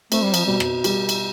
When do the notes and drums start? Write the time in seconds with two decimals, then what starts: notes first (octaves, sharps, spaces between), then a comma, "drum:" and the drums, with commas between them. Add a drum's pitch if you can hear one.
0.12 A3 C4, drum: cymbal
0.22 G3
0.34 F3, drum: cymbal
0.46 B2 G3
0.60 drum: rim click
0.84 G3, drum: cymbal
1.09 drum: cymbal